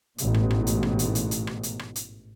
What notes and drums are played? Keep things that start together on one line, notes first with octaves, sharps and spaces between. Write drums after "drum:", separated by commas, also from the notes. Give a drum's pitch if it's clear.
A1 G#2 B2, drum: hi-hat
drum: rim click
drum: rim click
drum: hi-hat
drum: rim click
drum: hi-hat
drum: hi-hat
drum: hi-hat
drum: rim click
drum: hi-hat
drum: rim click
drum: hi-hat